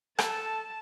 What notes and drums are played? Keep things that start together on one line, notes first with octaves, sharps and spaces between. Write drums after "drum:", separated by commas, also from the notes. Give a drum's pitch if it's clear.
A4 A5, drum: rim click